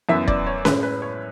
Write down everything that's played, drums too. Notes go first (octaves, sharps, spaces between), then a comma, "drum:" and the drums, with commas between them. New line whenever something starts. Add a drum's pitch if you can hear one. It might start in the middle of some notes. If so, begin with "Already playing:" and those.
F#2 E3 B3 E5
D5, drum: kick E1
C#5
A2 G#3 C#4 B4, drum: snare C#4
B4
C#5